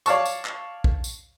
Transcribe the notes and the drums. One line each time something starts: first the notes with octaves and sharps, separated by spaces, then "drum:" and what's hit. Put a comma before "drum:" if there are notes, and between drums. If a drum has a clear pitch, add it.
C#5 D5 F5 A5 C#6, drum: tambourine
drum: tambourine
drum: clap
drum: kick
drum: tambourine